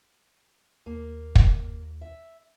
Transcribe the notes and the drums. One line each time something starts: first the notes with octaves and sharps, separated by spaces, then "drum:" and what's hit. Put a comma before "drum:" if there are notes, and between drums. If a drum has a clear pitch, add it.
D#2 A#3
drum: kick
E5